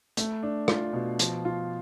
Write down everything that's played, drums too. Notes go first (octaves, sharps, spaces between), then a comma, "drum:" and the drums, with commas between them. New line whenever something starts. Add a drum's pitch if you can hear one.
A3, drum: hi-hat
D4
F4, drum: rim click
B2
F3, drum: hi-hat
F4